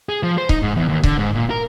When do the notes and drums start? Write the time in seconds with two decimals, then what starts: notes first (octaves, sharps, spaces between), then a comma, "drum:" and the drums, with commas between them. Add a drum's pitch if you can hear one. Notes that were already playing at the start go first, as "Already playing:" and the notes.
0.09 G#4
0.23 F3
0.38 C5
0.49 D#4, drum: kick C#1
0.63 G#2
0.76 E2
0.89 D#2
1.03 D3, drum: kick C#1
1.18 G#2
1.35 A#2
1.50 A#4